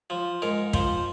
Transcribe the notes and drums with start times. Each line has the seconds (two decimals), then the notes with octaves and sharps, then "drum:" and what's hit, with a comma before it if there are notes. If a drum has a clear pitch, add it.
0.10 F3
0.42 G#2 A#4
0.73 F3 C5, drum: kick